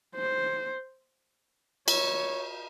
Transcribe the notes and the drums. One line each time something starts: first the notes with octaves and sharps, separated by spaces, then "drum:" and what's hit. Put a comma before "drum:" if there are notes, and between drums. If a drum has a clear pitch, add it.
C5
C#5, drum: cymbal